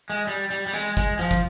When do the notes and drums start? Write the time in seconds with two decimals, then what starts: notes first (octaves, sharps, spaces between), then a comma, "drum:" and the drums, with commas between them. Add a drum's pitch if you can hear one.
0.10 G#3
0.27 G3
0.50 G3
0.66 G3
0.73 G#3
0.97 G#3, drum: kick
1.19 F3
1.31 drum: kick